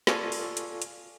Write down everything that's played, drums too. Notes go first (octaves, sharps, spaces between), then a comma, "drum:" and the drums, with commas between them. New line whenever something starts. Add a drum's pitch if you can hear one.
F4 A4 D5 F5 G#5 C#6, drum: snare
drum: open hi-hat
drum: hi-hat
drum: hi-hat